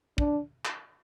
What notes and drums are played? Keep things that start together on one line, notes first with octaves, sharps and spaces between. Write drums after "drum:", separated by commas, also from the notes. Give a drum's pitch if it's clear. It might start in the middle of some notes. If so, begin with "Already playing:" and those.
D4, drum: kick
drum: clap